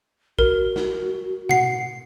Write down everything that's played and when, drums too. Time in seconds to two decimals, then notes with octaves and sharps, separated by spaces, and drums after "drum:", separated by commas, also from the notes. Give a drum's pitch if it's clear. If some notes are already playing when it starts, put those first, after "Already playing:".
0.39 F#4 A#4, drum: kick
0.76 drum: snare
1.49 F#5 C7, drum: tom B2